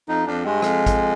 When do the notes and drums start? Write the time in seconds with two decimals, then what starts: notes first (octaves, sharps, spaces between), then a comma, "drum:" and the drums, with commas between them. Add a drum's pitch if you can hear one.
0.08 F2 D#4
0.26 F2 D4
0.45 G2 G#3
0.62 F2, drum: rim click
0.86 drum: kick, hi-hat